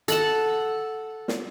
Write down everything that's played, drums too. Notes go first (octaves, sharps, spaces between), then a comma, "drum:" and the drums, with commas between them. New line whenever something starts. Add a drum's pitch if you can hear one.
A4 F#5 A5, drum: hi-hat
drum: snare